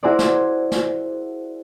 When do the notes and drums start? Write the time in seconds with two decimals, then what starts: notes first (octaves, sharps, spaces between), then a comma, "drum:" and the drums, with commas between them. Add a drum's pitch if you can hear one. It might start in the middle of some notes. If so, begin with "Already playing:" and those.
0.03 E4 F#4 G#4 A#4 C5 D5
0.19 drum: snare
0.72 drum: snare